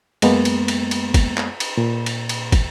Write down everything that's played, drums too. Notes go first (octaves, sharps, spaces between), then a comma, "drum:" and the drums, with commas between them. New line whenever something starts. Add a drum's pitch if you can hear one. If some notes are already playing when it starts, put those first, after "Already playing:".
F#2 G#3 A#3 B3, drum: cymbal
drum: cymbal
drum: cymbal
drum: cymbal
drum: kick, cymbal
drum: clap
drum: cymbal
A#2
drum: cymbal
drum: cymbal
drum: kick, cymbal